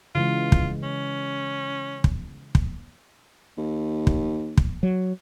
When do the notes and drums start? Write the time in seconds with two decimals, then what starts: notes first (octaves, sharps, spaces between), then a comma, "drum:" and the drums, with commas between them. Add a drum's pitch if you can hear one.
0.15 C#3 E3 G#3 F4
0.52 drum: kick
0.83 C#4
2.04 drum: kick
2.55 drum: kick
3.58 D#2
4.07 drum: kick
4.57 drum: kick
4.83 F#3